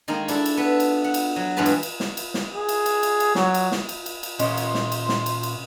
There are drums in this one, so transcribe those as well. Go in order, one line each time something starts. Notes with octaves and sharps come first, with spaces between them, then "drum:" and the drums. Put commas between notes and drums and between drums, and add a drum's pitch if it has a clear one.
D#3 G#3 A#3 D#4 A#4 D#5
D4 E4 A4 D5, drum: cymbal
drum: cymbal
B3 B4
drum: cymbal
F#5
drum: cymbal
F#3
E2 G2 G#3 G#4 B4 A5
drum: cymbal
drum: cymbal
drum: snare
drum: cymbal
drum: snare
G#4
drum: cymbal
drum: cymbal
drum: cymbal
drum: cymbal
F#3, drum: snare
drum: cymbal
drum: snare
drum: cymbal
drum: cymbal
drum: cymbal
A#2 C#4 D#5 C6, drum: cymbal
drum: cymbal
drum: snare
drum: cymbal
drum: snare
drum: cymbal
drum: cymbal